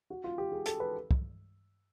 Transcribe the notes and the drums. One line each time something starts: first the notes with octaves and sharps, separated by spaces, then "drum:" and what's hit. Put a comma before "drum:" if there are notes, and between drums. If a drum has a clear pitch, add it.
F#4
F4
G4
G#4
A4, drum: hi-hat
B4
drum: kick